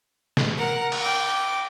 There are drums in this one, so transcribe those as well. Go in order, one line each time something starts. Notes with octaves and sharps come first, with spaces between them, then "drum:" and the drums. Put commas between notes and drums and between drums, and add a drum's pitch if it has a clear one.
drum: snare
A#4 F#5
drum: cymbal
G5 D6